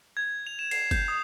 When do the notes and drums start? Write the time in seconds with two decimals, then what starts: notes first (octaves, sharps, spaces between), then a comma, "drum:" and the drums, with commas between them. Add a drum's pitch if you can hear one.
0.17 G#6
0.47 F7
0.59 E7
0.71 C7, drum: cymbal
0.91 G6, drum: kick G1, cymbal
1.08 D#6